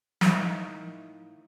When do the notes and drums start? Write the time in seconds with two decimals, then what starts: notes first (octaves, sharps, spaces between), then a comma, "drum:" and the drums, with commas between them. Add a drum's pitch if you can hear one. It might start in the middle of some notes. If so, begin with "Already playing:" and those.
0.21 A2 D#3 D#4 A#4 E5 F5, drum: snare